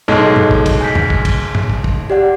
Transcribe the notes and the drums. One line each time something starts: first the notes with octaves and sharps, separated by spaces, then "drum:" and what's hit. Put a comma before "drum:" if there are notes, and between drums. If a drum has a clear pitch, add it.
B1 G#2 G#3 A4
drum: tom G#2
drum: kick
drum: kick, cymbal
G#5 G6 B6
drum: tom E2
drum: kick
drum: kick, cymbal
drum: tom G#2
drum: kick
drum: kick
G4 D5 F#5